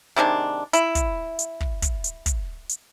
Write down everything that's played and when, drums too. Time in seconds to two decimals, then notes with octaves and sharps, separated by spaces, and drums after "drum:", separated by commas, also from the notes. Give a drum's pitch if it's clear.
0.16 C3 D#3 G#3 D4
0.73 E4, drum: hi-hat
0.95 drum: kick, hi-hat
1.39 drum: hi-hat
1.60 drum: kick
1.82 drum: kick, hi-hat
2.04 drum: hi-hat
2.26 drum: kick, hi-hat
2.69 drum: hi-hat